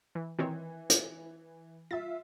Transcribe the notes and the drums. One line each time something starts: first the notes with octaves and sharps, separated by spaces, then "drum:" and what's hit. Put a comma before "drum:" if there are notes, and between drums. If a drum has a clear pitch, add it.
E3
D#3 E3 C4 C#5
drum: hi-hat
F4 E5 A6